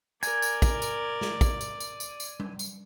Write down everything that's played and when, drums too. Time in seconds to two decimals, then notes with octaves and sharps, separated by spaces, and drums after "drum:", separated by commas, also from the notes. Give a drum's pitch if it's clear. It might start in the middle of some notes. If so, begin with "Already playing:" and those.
0.23 A#4 D5 G#5, drum: tambourine
0.42 drum: tambourine
0.62 drum: kick, tambourine
0.82 drum: tambourine
1.21 drum: snare
1.41 drum: kick, tambourine
1.61 drum: tambourine
1.80 drum: tambourine
2.00 drum: tambourine
2.20 drum: tambourine
2.40 drum: tom G3
2.59 drum: tambourine